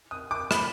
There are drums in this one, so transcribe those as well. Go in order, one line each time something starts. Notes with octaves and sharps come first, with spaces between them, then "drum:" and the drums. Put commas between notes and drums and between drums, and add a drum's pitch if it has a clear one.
D#6
D6
B5, drum: rim click